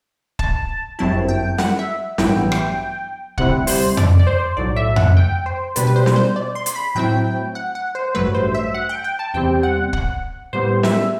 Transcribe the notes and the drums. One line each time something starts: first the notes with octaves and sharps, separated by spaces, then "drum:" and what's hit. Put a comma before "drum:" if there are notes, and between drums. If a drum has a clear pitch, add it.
A5, drum: kick
G1 F#2 F#3 C4 E4 A5
G5
F#5, drum: snare
E5
A1 G2 F#3 B3 E4 G5, drum: snare
drum: rim click
D2 C3 G3 C4 E4 F#5, drum: kick
C5, drum: open hi-hat
D5, drum: tom F2
D5
C5
B1 A2 F#3 D5
E5
F#5, drum: tom F2
G5
C5
B2 G3 D4 B4, drum: hi-hat
B4
C5
drum: snare
C5
D5
C6
drum: hi-hat
B5
A2 F#3 C4 E4 G5
F#5
F#5
C5
A1 G2 F#3 A3 B4
C5
E5
F#5
G5
G5
A5
E2 C3 G3 C4 G5
F#5
F#5, drum: kick
A2 G3 B3 C5
E5, drum: snare